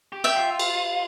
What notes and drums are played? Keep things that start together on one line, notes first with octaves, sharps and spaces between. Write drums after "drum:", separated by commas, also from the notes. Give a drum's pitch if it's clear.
G4
E5 G5
F4
drum: cymbal